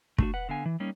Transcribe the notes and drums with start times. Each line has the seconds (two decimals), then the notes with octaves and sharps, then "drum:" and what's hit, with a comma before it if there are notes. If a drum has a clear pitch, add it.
0.18 A3 D4 F#4, drum: kick
0.34 B4 F#5
0.49 D3 B3 F5 G#5
0.66 E3
0.80 G3 A#3 C#4 D#4